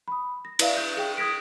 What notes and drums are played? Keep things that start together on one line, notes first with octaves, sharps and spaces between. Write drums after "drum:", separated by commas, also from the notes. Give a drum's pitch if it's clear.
B5 D#6
A#6
E4 B4 D5 E5 F5, drum: cymbal
G6
G#4 G5
D#6 G#6 A#6 B6 D7